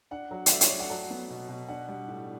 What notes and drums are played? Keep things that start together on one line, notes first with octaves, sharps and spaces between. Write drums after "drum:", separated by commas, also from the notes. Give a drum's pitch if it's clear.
D4 F#5
F#3
D5, drum: hi-hat
A3 E5
C#5, drum: hi-hat
A3 D5
F#5
F#3 A5
B3
B2
B2
D4 F#5
G3
A2